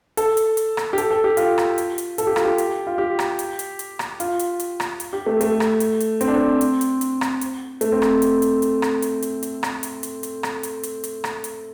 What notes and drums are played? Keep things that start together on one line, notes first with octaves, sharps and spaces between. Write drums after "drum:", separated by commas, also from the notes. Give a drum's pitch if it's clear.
A4, drum: hi-hat
drum: hi-hat
drum: hi-hat
drum: rim click
G4
A4, drum: hi-hat
A4
G4
F4, drum: hi-hat
drum: rim click
drum: hi-hat
drum: hi-hat
A4, drum: hi-hat
G4
F4, drum: rim click
G4
drum: hi-hat
F4
G4
drum: rim click
drum: hi-hat
drum: hi-hat
drum: hi-hat
drum: rim click
F4, drum: hi-hat
drum: hi-hat
drum: hi-hat
drum: rim click
drum: hi-hat
G4
A3
A3, drum: hi-hat
drum: rim click
drum: hi-hat
drum: hi-hat
C4, drum: hi-hat
D4
C4
drum: hi-hat
drum: hi-hat
drum: hi-hat
drum: rim click
drum: hi-hat
A3, drum: hi-hat
C4
drum: rim click
drum: hi-hat
drum: hi-hat
drum: hi-hat
drum: rim click
drum: hi-hat
drum: hi-hat
drum: hi-hat
drum: rim click
drum: hi-hat
drum: hi-hat
drum: hi-hat
drum: rim click
drum: hi-hat
drum: hi-hat
drum: hi-hat
drum: rim click
drum: hi-hat